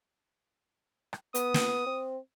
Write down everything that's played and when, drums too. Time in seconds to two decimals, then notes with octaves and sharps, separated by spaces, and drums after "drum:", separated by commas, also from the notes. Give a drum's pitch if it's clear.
1.13 drum: rim click
1.35 B3 D#6, drum: hi-hat
1.54 drum: snare
1.86 C4